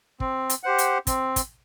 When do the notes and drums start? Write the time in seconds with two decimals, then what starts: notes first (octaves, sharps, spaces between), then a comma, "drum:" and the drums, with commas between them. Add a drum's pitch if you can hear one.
0.20 C4, drum: kick
0.50 drum: hi-hat
0.63 G4 C5 F#5
0.78 drum: hi-hat
1.07 C4, drum: kick, hi-hat
1.36 drum: kick, hi-hat